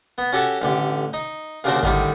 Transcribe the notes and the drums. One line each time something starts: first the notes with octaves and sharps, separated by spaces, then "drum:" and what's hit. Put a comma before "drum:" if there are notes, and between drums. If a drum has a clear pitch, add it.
B3
C#4 F#4 G4 A4
A1 D3 G4
D#4
D#2 C#3 D4 F#4 A#4 C5
A2 D3 D#3 G3, drum: kick G#1